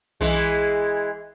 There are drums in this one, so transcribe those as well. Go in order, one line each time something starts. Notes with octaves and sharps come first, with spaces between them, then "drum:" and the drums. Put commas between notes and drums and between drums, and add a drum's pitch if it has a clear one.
E3 G#3, drum: kick B1